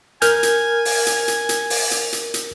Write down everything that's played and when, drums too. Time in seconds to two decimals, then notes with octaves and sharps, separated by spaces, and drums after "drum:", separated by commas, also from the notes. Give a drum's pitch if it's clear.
0.22 A#4 G#5 F6 G6, drum: hi-hat
0.43 drum: hi-hat
0.85 drum: open hi-hat
1.07 drum: hi-hat
1.28 drum: hi-hat
1.49 drum: hi-hat
1.70 drum: open hi-hat
1.91 drum: hi-hat
2.13 drum: hi-hat
2.34 drum: hi-hat